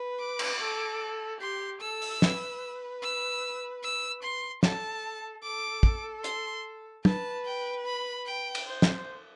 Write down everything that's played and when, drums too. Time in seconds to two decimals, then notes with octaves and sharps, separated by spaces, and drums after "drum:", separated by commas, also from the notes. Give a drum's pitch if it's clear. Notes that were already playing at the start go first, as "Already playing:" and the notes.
Already playing: B4
0.20 D6
0.39 drum: cymbal
0.60 A4
1.40 G4 C6
1.81 A4 E6
2.02 drum: open hi-hat
2.22 B4, drum: snare
3.02 E6
3.83 E6
4.23 C6
4.63 A4 A5, drum: snare
5.44 A4 D6
5.83 drum: kick
6.24 C6, drum: hi-hat
7.05 B4 A5, drum: tom
7.46 G5
7.86 B5
8.26 G5
8.55 drum: cymbal
8.67 C5
8.82 drum: snare